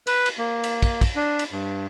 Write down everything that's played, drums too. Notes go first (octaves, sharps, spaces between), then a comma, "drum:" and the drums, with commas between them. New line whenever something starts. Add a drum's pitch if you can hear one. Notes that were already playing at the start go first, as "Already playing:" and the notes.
B4, drum: cymbal
drum: cymbal
A#3
drum: cymbal
drum: kick, cymbal
drum: kick, cymbal
D4
drum: cymbal
G2